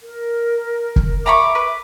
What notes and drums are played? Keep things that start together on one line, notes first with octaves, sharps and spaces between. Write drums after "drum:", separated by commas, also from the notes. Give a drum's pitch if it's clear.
A#4
drum: kick
E5 A#5 B5 C#6 D6
B4